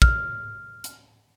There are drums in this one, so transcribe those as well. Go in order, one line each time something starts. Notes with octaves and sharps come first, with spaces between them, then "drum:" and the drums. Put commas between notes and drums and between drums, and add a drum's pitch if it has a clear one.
F6, drum: kick
drum: hi-hat